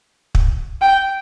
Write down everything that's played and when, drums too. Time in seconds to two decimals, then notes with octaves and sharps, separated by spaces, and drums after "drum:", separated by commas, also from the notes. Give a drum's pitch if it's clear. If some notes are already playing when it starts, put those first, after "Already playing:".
0.35 drum: kick
0.82 G5